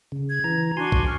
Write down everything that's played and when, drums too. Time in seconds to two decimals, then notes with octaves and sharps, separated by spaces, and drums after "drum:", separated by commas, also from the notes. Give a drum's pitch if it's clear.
0.12 C#3
0.28 G#6
0.44 E3 A#5
0.77 D4 F#4 G#5 C6 C#6
0.92 drum: kick
1.05 C#6 F6